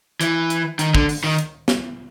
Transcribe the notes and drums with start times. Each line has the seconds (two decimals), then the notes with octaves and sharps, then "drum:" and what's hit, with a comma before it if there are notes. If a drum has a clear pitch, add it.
0.21 E3, drum: hi-hat
0.50 drum: hi-hat
0.79 D#3, drum: hi-hat
0.95 D3, drum: kick
1.09 drum: open hi-hat
1.24 D#3
1.38 drum: hi-hat
1.68 drum: snare